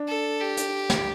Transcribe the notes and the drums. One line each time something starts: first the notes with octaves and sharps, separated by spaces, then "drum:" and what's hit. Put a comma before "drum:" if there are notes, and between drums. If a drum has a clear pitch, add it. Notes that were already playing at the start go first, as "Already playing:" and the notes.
Already playing: D4
A4
G4
drum: hi-hat
drum: snare